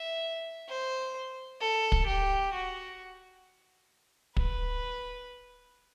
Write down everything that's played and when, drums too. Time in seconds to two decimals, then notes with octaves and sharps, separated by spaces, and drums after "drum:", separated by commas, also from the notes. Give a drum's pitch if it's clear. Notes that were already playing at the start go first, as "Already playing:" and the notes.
Already playing: E5
0.69 C5
1.61 A4
1.92 drum: kick
2.07 G4
2.53 F#4
4.37 B4, drum: kick